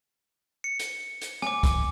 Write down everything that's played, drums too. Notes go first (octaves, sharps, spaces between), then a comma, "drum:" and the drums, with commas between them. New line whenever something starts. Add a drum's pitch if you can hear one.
C#7
drum: hi-hat
drum: hi-hat
G#5 D6, drum: rim click
drum: kick, hi-hat